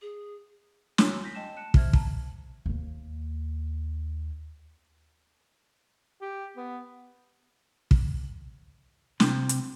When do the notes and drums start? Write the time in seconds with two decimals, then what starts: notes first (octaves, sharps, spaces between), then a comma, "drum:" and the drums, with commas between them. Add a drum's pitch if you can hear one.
0.02 G#4
0.98 F#4 C#5 G#5 C6 C#6 E6, drum: snare
1.23 G6 A#6 B6
1.35 D#5 G5 A5 E7
1.57 A5 F#6 C#7 E7
1.74 G4 C5 E5 F6 G#6, drum: kick
1.93 A5 A#5, drum: kick
2.66 D#2 A#3
6.21 G4
6.57 B3
7.91 drum: kick
9.20 C3, drum: snare
9.49 drum: hi-hat